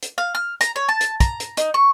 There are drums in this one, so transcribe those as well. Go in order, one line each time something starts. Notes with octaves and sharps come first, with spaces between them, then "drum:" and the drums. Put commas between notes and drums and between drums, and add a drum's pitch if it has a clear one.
drum: hi-hat
F5
F6
A#5, drum: hi-hat
C#5
A5
drum: hi-hat
A#5, drum: kick, hi-hat
drum: hi-hat
D#4, drum: hi-hat
C#6